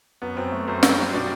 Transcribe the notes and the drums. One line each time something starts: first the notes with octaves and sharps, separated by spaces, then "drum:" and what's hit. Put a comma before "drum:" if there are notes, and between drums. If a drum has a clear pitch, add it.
F#2 B3
F#2 C4
A3
F#2 C5
G3, drum: snare
G3
B2 D5